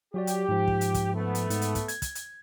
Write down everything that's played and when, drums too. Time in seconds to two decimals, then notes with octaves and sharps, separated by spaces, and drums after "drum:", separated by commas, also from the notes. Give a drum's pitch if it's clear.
0.14 F#3 F#4 G4 D5
0.27 drum: hi-hat
0.49 G#2 F3
0.68 drum: kick
0.81 drum: hi-hat
0.94 drum: kick, hi-hat
1.14 A3 B3
1.35 drum: hi-hat
1.50 G#2, drum: hi-hat
1.62 drum: hi-hat
1.75 drum: kick, hi-hat
1.88 G#6, drum: hi-hat
2.02 drum: kick, hi-hat
2.15 drum: hi-hat